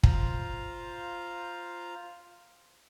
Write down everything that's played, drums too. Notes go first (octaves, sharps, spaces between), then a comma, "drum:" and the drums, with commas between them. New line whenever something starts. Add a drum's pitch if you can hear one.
F4 C5 F5 A#5, drum: kick